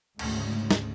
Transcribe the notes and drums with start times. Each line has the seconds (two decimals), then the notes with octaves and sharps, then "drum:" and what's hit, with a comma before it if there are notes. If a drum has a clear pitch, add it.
0.19 D2 G#2 C#3, drum: cymbal
0.71 drum: snare